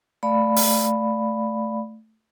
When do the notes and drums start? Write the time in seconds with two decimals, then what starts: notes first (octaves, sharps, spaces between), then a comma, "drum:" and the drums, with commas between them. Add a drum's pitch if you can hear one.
0.23 A3 D5 F5 B5
0.56 drum: open hi-hat